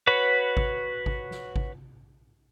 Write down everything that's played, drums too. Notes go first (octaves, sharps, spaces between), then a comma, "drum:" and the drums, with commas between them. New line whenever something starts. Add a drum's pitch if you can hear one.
F#4 B4 C#5 B5
drum: kick G#1
drum: kick G#1
drum: snare
drum: kick G#1